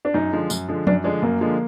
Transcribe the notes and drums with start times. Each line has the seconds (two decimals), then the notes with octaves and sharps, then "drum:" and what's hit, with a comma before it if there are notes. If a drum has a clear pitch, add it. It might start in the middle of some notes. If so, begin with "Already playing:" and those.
0.05 D4
0.14 F#2 D#4
0.32 D3 F3 G#3
0.50 F#2, drum: tambourine
0.68 D3 F3 G#3
0.87 F#2 D4, drum: tom F3
1.04 D3 F3 G#3 D4
1.22 F#2 A#3
1.41 D3 F3 G#3